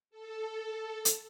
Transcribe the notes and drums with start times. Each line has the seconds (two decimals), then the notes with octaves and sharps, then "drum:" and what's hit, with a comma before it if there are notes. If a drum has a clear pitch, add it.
0.11 A4
1.05 drum: hi-hat